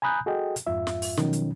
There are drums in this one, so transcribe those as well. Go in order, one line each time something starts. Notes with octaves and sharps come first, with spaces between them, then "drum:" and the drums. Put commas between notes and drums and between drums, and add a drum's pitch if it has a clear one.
G#5 A#5 B5 D#6 F#6 G6
F#4 G#4 A4 D#5 G5
drum: hi-hat
F2 G#2 F4 E5
drum: snare
drum: open hi-hat
B2 D#3 F3 F#3 C#4, drum: snare
drum: hi-hat